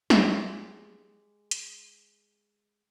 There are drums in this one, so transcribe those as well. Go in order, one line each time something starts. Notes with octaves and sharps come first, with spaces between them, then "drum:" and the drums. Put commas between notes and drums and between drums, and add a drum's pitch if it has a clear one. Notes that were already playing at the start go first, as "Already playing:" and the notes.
G#3 G4, drum: snare
drum: hi-hat